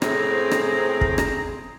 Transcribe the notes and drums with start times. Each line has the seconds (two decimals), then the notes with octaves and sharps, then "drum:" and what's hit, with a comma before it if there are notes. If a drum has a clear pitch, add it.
0.02 A2 C4 G#4 A#5, drum: rim click
0.51 drum: rim click
1.01 drum: kick
1.18 drum: rim click